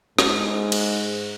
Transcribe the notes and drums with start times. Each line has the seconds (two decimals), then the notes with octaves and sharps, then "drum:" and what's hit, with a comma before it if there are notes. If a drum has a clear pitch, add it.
0.19 G#2, drum: snare
0.72 drum: cymbal